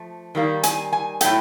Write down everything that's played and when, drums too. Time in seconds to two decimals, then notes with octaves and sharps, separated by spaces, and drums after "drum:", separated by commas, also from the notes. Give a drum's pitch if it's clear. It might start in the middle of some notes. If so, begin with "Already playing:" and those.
Already playing: F3 A3
0.35 D#3 G3 A#3
0.63 G#5, drum: hi-hat
0.93 G#5
1.21 A2 F#3 A3 G5, drum: hi-hat